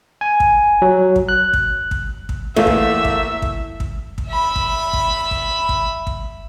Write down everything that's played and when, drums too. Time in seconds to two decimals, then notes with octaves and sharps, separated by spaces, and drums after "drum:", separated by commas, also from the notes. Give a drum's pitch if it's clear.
0.21 G#5
0.40 drum: kick
0.82 F#3
1.16 drum: kick
1.29 F#6
1.53 drum: kick
1.91 drum: kick
2.29 drum: kick
2.56 E2 A3 A#3 E5
2.67 drum: kick
3.04 drum: kick
3.42 drum: kick
3.80 drum: kick
4.18 drum: kick
4.29 E5 B5
4.56 drum: kick
4.93 drum: kick
5.31 drum: kick
5.69 drum: kick
6.07 drum: kick